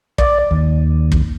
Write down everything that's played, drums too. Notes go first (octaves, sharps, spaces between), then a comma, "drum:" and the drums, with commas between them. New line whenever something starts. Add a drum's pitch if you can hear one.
D5, drum: kick
D#2
drum: kick